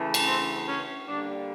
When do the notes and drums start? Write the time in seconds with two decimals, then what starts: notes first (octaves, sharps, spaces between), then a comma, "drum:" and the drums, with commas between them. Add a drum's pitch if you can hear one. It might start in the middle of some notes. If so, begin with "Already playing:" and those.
Already playing: C#3 E3 A3
0.14 drum: cymbal
0.26 C4
0.68 C#4
1.08 D3 G3 A#3 D4